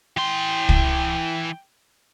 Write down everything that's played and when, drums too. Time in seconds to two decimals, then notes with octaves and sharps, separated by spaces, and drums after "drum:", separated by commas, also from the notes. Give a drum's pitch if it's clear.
0.17 E3 G5 C6
0.69 drum: kick